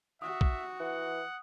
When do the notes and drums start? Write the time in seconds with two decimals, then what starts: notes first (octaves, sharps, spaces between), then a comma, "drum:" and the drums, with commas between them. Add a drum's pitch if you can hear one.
0.22 F#4 E5 D#6
0.41 drum: kick A#1
0.80 E3 F#5